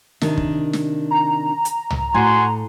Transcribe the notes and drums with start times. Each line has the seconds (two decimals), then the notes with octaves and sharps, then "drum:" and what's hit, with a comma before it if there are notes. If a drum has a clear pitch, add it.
0.21 C3 D#3 D4, drum: snare
0.38 drum: kick
0.73 drum: snare
1.11 A#5
1.65 drum: hi-hat
1.90 drum: tom
2.14 A2 F#4 G#5 C6